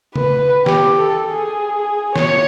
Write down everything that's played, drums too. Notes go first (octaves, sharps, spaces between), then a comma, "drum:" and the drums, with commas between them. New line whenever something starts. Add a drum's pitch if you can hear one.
B4, drum: tom C#3
G4, drum: snare
A4
G#4
C#5, drum: snare